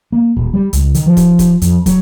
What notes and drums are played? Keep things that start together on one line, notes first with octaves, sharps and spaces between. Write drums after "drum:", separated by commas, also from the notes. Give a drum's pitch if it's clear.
A#3
D#1
G3
C#2, drum: hi-hat
D#3, drum: hi-hat
F3
drum: kick, hi-hat
drum: kick, hi-hat
F2, drum: hi-hat
F#3, drum: kick, hi-hat